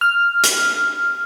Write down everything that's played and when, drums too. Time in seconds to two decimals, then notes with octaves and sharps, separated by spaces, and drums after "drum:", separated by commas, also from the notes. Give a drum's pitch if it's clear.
0.01 F6
0.43 drum: hi-hat